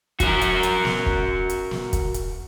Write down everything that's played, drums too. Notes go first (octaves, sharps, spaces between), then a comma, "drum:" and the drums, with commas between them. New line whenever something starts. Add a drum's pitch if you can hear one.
F#4 A#4, drum: kick, hi-hat
drum: hi-hat
drum: hi-hat
drum: snare
drum: kick
drum: hi-hat
drum: snare
drum: kick, hi-hat
drum: hi-hat